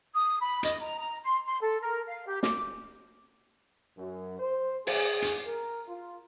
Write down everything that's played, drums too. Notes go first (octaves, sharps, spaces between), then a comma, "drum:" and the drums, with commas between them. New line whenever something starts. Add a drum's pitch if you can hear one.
D#6
B5
D#5, drum: hi-hat
A#5
A#5
C6
C6
A4
A#4
F5
G4
D6, drum: snare
F#2
C5
G#4, drum: open hi-hat
drum: hi-hat
A#4
F4